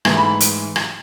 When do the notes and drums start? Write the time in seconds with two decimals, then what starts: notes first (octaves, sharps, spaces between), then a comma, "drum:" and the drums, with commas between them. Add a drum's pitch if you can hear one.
0.05 G#2 E3 A3, drum: rim click
0.17 B5
0.40 drum: hi-hat
0.76 drum: rim click